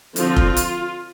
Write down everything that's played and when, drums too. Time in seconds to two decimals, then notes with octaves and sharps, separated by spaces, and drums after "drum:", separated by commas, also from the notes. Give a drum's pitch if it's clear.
0.16 D3 F3 C4 F4, drum: hi-hat
0.36 drum: kick F1
0.57 drum: hi-hat